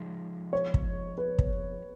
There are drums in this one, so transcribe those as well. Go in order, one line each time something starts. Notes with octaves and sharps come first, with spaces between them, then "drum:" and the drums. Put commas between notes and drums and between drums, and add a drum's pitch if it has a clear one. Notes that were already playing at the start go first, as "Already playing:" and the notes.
Already playing: F3 G#3 D#4
C#5
drum: kick
B4
drum: kick